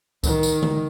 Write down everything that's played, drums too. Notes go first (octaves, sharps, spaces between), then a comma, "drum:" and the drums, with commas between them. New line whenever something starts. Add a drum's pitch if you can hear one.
D#3, drum: kick C#2, tambourine
drum: tambourine
drum: tom D3